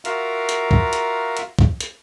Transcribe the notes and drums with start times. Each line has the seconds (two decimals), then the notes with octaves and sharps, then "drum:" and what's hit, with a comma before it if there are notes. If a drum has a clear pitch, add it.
0.05 F4 F#4 A#4 E5 F5 A#5, drum: hi-hat
0.49 drum: hi-hat
0.71 drum: kick
0.93 drum: hi-hat
1.37 drum: hi-hat
1.59 drum: kick
1.81 drum: hi-hat